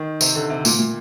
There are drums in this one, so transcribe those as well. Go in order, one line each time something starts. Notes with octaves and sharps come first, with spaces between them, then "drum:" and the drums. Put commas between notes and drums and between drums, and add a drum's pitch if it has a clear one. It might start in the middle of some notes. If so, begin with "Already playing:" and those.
Already playing: D#3
C3, drum: tambourine
D3
C3
A#2, drum: tambourine
A#2